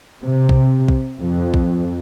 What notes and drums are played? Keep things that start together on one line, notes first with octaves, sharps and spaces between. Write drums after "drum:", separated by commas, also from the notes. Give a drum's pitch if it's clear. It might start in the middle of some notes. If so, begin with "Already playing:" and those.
C3
drum: kick
drum: kick
F2
drum: kick